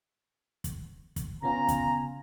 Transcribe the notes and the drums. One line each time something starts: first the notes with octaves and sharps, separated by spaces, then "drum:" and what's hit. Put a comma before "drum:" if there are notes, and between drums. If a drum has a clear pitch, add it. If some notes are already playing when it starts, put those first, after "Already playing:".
drum: kick, hi-hat
drum: kick, hi-hat
C#3 B3 C#4 F4 G#5 A#5
drum: kick, hi-hat